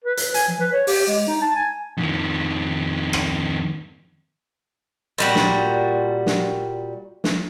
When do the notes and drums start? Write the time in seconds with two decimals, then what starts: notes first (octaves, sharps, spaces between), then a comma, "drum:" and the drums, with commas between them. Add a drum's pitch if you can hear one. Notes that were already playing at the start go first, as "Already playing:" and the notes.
0.04 B4
0.17 drum: hi-hat
0.34 G#5, drum: hi-hat
0.48 F3
0.60 B4
0.72 C#5
0.87 G4, drum: open hi-hat
1.07 G#3
1.27 D#4
1.41 A5
1.55 G#5
1.97 F2 D#3
3.13 drum: rim click
5.18 A#2 G3 F#4
5.35 drum: snare
6.26 drum: snare
7.24 drum: snare